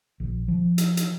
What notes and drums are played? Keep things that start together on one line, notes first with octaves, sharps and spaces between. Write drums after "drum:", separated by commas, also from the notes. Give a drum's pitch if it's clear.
A#1
F3
drum: hi-hat
drum: hi-hat